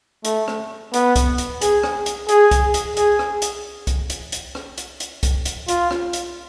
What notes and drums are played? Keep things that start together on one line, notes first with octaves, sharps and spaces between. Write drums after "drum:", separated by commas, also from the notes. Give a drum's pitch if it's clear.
A3, drum: hi-hat
drum: rim click
B3, drum: hi-hat
drum: kick C2, hi-hat
drum: hi-hat
G#4, drum: hi-hat
drum: rim click
drum: hi-hat
G#4, drum: hi-hat
drum: kick C2, hi-hat
drum: hi-hat
G#4, drum: hi-hat
drum: rim click
drum: hi-hat
drum: kick C2, hi-hat
drum: hi-hat
drum: hi-hat
drum: rim click
drum: hi-hat
drum: hi-hat
drum: kick C2, hi-hat
drum: hi-hat
F4, drum: hi-hat
drum: rim click
drum: hi-hat